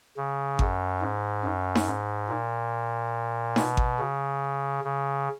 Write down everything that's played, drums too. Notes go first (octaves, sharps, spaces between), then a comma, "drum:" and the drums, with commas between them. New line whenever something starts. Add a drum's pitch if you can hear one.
C#3
F#2, drum: kick G#1
G#2
F#2
drum: snare D#4
G#2
A#2
B2, drum: snare D#4
drum: kick G#1
C#3
C#3